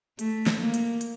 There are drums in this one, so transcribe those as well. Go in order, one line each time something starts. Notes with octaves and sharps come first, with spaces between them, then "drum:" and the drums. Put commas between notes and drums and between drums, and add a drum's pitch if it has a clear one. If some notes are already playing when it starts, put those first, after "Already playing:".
A3, drum: hi-hat
drum: snare
A#3
drum: hi-hat
drum: hi-hat